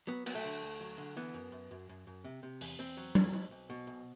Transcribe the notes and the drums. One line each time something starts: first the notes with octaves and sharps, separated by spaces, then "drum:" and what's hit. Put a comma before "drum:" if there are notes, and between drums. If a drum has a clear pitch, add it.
F#3 B3
F#3 B3, drum: cymbal
A3
D3
D2
F#3
D3
E3 B3
F#2
F#2
F#2
F#2
F#2
C3
C3
E2, drum: open hi-hat
E2 C4
F#3
E2, drum: tom F#3
B1
B1
B2
B1